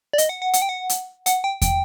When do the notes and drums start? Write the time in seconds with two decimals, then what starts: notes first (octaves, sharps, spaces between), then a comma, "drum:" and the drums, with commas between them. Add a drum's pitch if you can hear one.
0.13 D5
0.18 D#5, drum: hi-hat
0.29 F#5
0.42 F#5
0.54 F#5, drum: hi-hat
0.62 G5
0.69 F#5
0.89 drum: hi-hat
1.26 F#5, drum: hi-hat
1.44 G5
1.62 G5, drum: kick E2, hi-hat